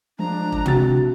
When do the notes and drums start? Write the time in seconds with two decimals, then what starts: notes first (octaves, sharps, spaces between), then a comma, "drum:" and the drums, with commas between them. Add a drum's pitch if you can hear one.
0.19 F3 G#3 D4 A#5
0.52 drum: kick E1
0.66 C3 F#4 A6, drum: tom